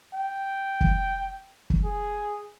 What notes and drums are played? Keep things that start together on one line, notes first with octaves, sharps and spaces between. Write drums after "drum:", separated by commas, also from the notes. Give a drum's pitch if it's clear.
G5
drum: kick
drum: kick
G#4